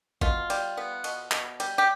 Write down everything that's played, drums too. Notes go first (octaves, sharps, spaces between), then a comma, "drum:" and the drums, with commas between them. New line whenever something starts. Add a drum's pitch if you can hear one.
B2 F4, drum: kick
G3, drum: cymbal
B3
B2, drum: cymbal
B2, drum: clap
G3, drum: cymbal
G4